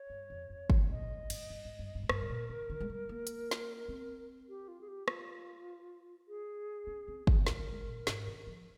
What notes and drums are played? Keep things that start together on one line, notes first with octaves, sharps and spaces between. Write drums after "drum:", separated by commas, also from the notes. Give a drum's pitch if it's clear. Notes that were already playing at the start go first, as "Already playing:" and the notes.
Already playing: C#5
G2
F2
F2
G2, drum: kick G1
A#2 D#5
G2
G#2, drum: cymbal
G2
G#2
G2
G2
G#2
G2 A#4, drum: rim click
G#2
A#2
C#3
D#3
G#3
G3
A#3
drum: hi-hat
drum: snare
C4
G4
F4
G#4
G4
F4, drum: rim click
G#4
C#4
C4
A#3, drum: kick G1
C4 A#4, drum: snare
G#3
A#2
G#2, drum: snare
D#3
F3